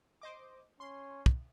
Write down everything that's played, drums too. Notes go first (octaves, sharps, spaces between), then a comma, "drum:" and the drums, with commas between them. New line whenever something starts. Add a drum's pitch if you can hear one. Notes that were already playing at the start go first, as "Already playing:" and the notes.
C5 D#5 D6
C#4 C6
drum: kick